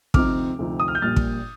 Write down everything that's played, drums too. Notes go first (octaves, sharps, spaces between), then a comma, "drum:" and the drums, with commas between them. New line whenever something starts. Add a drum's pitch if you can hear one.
D2 C3 F3 C4 D#4 D6 F6, drum: kick
D2 C3 F3 C4 D#4
D#6
F6
G6
A#1 A#2 G3 F6 A6
drum: kick